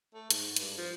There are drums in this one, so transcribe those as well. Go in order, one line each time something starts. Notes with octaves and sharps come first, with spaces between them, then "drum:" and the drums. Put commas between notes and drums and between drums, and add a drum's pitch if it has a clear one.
A3
G#2, drum: hi-hat
G2, drum: hi-hat
F3